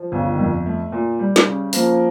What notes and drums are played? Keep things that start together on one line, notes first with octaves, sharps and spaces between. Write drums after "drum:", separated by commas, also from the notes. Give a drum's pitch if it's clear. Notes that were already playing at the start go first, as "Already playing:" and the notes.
Already playing: F3
G1 C#3
D#3
F2
A3
A#2
G3
drum: snare
C#3
F3 A#3, drum: open hi-hat